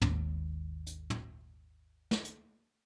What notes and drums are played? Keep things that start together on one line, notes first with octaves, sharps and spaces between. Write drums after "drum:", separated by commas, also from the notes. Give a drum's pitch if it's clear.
G#1 D#2 G#2, drum: tom
drum: hi-hat
drum: tom
drum: snare
drum: hi-hat